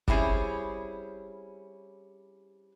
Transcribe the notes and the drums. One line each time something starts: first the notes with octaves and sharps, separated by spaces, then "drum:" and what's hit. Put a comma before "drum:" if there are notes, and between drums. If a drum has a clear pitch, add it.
G3 C4 C#4 E4 G#4, drum: kick